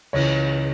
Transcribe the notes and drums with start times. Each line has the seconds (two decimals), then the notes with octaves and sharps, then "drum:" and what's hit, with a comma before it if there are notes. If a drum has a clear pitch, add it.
0.13 C#2 C#3 E3 C#5, drum: cymbal